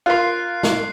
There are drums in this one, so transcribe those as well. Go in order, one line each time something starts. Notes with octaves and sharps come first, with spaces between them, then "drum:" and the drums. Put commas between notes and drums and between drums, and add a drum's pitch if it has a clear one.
F4 A#4 C6 F#6 C7
drum: snare